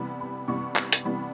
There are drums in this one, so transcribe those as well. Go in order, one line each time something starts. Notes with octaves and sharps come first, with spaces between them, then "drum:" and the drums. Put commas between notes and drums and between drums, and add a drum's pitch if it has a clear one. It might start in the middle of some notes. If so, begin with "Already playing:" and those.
Already playing: C3 E3 G3 B3 B5
B5
C3 E3 G3 B3 C#6
drum: clap
drum: hi-hat
C3 E3 G3 B3 B5